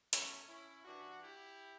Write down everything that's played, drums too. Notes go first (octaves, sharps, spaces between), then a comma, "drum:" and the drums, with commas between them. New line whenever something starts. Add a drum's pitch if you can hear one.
B2 F#3 A3 C#4, drum: hi-hat
C#4 E4
G2 E3 D4 F#4
E4 G4